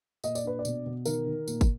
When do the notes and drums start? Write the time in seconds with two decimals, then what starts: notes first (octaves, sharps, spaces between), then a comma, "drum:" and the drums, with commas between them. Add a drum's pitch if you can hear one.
0.24 A#2 D#5, drum: tambourine
0.35 D5, drum: tambourine
0.44 D4 B4
0.59 D5
0.65 B2, drum: tambourine
0.86 B2
1.05 D#3 A#4, drum: tambourine
1.27 D#3
1.48 A#2, drum: tambourine
1.61 drum: kick, tambourine